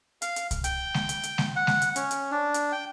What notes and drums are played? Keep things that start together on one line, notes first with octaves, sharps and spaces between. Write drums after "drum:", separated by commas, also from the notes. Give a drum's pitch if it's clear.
F5, drum: hi-hat
drum: hi-hat
drum: kick C2, hi-hat
G5, drum: hi-hat
drum: snare G#3
drum: hi-hat
drum: hi-hat
drum: snare G#3
F#5
drum: snare G#3
drum: hi-hat
C#4, drum: hi-hat
drum: hi-hat
D4
drum: hi-hat
G5